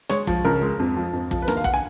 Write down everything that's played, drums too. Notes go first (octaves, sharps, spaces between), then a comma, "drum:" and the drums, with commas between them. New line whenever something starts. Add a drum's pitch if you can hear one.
G#3 C#5, drum: rim click
F3, drum: kick
C#2 A#4
G#3
F2
F3
F2
F3, drum: kick
B4
D#2 A#4, drum: rim click
F5
F#5, drum: kick
G#5